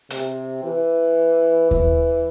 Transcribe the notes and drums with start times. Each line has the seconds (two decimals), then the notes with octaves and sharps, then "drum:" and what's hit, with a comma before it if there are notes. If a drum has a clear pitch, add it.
0.10 C3, drum: hi-hat
0.64 E3
1.71 E3, drum: kick D#2